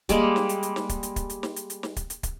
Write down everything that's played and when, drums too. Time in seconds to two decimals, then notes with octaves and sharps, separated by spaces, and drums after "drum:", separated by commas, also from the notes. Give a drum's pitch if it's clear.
0.09 G3 G#3 A#3, drum: kick, hi-hat
0.36 drum: snare
0.49 drum: hi-hat
0.63 drum: hi-hat
0.76 drum: snare
0.89 drum: kick, hi-hat
1.03 drum: hi-hat
1.16 drum: kick, hi-hat
1.30 drum: hi-hat
1.43 drum: snare
1.56 drum: hi-hat
1.70 drum: hi-hat
1.83 drum: snare
1.96 drum: kick, hi-hat
2.10 drum: hi-hat
2.23 drum: kick, hi-hat